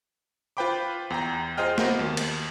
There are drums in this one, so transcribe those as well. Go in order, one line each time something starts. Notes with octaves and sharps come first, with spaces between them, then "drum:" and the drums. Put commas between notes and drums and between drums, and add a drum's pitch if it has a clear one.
F4 B4 C5 G5 B5 D6
E2 G5 A#5
F4 G#4 C5 D#5 G5 F6
A#3 B3 F#4 A#4 C5, drum: snare
D#2
drum: cymbal